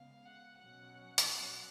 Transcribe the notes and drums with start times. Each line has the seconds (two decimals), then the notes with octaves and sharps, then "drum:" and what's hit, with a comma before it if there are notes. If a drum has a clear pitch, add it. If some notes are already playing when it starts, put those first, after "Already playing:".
Already playing: C#3 G#3 B3 F5
0.25 F#5
0.58 B2 F#3 C#4 F#5
1.18 drum: hi-hat